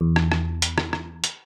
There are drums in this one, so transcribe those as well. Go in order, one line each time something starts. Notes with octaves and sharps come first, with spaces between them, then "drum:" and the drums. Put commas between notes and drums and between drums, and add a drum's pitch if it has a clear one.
E2
drum: rim click
drum: rim click
drum: hi-hat
drum: rim click
drum: rim click
drum: hi-hat